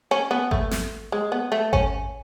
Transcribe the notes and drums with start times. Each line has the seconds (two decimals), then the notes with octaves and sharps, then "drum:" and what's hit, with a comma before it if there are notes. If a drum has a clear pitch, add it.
0.11 C#4
0.31 B3
0.51 A3, drum: kick G#1
0.71 drum: snare
1.12 G#3
1.32 B3
1.52 A3
1.73 C#4, drum: kick G#1